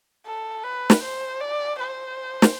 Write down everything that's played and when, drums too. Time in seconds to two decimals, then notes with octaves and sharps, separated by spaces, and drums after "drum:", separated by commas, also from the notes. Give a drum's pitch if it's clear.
0.26 A4
0.64 B4
0.90 drum: snare
1.03 C5
1.40 D5
1.79 C5
2.42 drum: snare